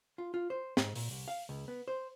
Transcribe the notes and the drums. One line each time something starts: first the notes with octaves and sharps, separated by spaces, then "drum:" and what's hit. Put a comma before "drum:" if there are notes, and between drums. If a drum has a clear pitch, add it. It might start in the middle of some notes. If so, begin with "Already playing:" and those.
F4
F4
C5
G#2, drum: snare
A#2, drum: open hi-hat
C2
F5
C#2
B3
C5